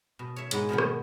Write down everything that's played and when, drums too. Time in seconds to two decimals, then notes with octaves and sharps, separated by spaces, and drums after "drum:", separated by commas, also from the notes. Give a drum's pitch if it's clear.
0.19 B2
0.36 C#5 E5
0.51 G#2 G#3 B3, drum: hi-hat
0.69 B2 D#3 F3 B3
0.78 drum: rim click